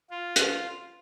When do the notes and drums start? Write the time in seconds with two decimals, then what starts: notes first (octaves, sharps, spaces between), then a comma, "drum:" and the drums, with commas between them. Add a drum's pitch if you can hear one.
0.11 F4
0.36 drum: hi-hat